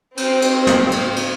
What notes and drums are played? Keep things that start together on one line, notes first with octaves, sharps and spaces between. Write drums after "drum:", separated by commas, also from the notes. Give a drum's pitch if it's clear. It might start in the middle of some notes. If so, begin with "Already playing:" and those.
C4, drum: cymbal
drum: cymbal
drum: snare
drum: cymbal
drum: cymbal